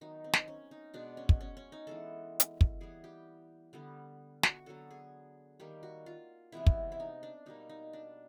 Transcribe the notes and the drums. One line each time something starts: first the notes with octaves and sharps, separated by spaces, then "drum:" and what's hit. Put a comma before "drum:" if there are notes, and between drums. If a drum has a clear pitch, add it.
D#3 F#3 B3 D#4
C4
drum: snare
C#4
D#4
B2 G#3 B3 D4
C#4
drum: kick
C#4
C#4
D#4
E3 G#3 B3 A4
drum: hi-hat
drum: kick
E3 G3 B3 G#4
G4
D3 G3 B3
F#4, drum: snare
D3 F#3 B3 A4
G#4
D#3 G3 A#3 G4
F#4
F4
C3 E3 G#3 B3 E4
drum: kick
E4
D#4
D4
B2 G3 A#3 D#4
D#4
D4